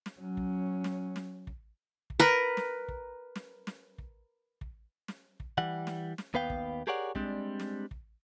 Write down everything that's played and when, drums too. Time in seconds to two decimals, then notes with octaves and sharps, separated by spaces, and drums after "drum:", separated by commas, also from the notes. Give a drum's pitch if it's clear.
0.06 drum: snare
0.21 F#3 C#4
0.37 drum: kick
0.84 drum: snare
1.16 drum: snare
1.47 drum: kick
2.10 drum: kick
2.20 A#4 B4
2.57 drum: snare
2.88 drum: kick
3.36 drum: snare
3.67 drum: snare
3.98 drum: kick
4.61 drum: kick
5.08 drum: snare
5.40 drum: kick
5.58 E3 G3 F#5
5.87 drum: snare
6.18 drum: snare
6.34 D#2 B3 B4 F5 G5
6.50 drum: kick
6.87 G4 G#4 A#4 C#5 D5 F#5
7.15 G3 G#3 C4 D4, drum: kick
7.60 drum: snare
7.91 drum: kick